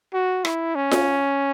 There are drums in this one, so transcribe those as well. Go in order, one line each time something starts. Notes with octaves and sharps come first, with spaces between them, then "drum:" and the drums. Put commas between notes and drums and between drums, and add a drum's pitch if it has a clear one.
F#4
E4, drum: rim click
C#4
drum: snare F4